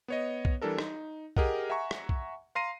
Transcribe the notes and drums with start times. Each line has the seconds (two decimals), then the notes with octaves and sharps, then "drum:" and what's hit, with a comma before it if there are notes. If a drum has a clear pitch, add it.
0.08 B3 C#5 D#5
0.45 drum: kick B1
0.62 E3 G3 D4 A4 A#4
0.79 D#4, drum: rim click
1.37 G4 G#4 A#4 D#5 F#5, drum: kick B1
1.70 E5 F#5 G#5 A#5 C#6
1.91 drum: rim click
2.09 drum: kick B1
2.55 F5 A#5 C6 A#6 C7 D#7